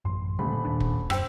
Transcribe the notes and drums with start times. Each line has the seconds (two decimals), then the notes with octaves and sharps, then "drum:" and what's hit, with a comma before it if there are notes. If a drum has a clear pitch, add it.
0.05 A1 F#2 C6
0.39 D#1 D3 G3 A3 B5
0.65 D#2 A#2 D4
0.80 drum: kick
1.10 F#2 C5 G5 E6, drum: rim click